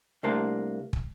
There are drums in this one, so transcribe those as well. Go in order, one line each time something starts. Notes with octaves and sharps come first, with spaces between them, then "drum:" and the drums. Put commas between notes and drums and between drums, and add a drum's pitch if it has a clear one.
C2 A3 A#3 D4 C5 A5
drum: kick